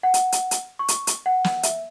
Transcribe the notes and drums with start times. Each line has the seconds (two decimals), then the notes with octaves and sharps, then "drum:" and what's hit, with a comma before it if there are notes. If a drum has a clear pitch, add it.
0.03 F#5
0.14 drum: hi-hat
0.32 drum: hi-hat
0.51 drum: hi-hat
0.79 C#6
0.88 drum: hi-hat
1.07 drum: hi-hat
1.26 F#5
1.44 drum: snare
1.63 E5, drum: hi-hat